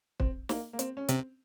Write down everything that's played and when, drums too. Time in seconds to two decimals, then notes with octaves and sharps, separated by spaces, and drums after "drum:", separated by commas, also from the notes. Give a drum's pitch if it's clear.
0.20 C4, drum: kick
0.49 A#3, drum: snare
0.73 A#3
0.79 C4, drum: hi-hat
0.97 C#4
1.08 C3 C4, drum: hi-hat